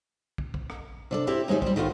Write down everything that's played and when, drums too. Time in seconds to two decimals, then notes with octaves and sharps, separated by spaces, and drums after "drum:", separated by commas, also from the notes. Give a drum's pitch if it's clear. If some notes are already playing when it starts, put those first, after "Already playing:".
0.38 drum: kick
0.54 drum: kick
0.70 drum: rim click
1.11 C3 D4 A4
1.27 C4 E4 G4 E5
1.48 D#2 G#3 C4 D#4 G4
1.62 G3 C5, drum: kick
1.76 D#3 A3 B3 F4 C5